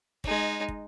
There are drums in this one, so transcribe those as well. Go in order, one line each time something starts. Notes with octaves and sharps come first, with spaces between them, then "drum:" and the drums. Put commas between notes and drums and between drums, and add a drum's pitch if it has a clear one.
G#3 D#4, drum: kick
drum: kick